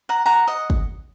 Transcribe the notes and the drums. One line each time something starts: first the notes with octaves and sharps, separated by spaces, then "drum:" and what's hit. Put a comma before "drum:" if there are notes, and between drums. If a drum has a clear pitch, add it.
F#5 A#5
G#4 F#5 A#5
D#5 F#5
drum: kick